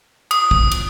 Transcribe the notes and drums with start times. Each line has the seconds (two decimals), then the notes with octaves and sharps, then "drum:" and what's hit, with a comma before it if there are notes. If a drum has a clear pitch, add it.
0.31 D#6, drum: cymbal
0.51 drum: kick
0.71 drum: cymbal